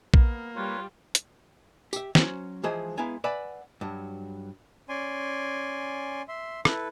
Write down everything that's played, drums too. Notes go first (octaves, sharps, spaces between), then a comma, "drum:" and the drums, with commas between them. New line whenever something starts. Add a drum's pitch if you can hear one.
A#3 B3, drum: kick A#1
G3 F4 B4 C#5
drum: hi-hat
G4 E5, drum: tambourine
F#3 C#4 C5, drum: snare
E3 F3 G#3 G#4 C5
G#3 B3 E4 F5 G#5 A#5
B4 D5 E5 F#5 G#5 B5
G2 F#3
C#4 D5 G#5 C6
E5 C6
E4 A4 B4, drum: rim click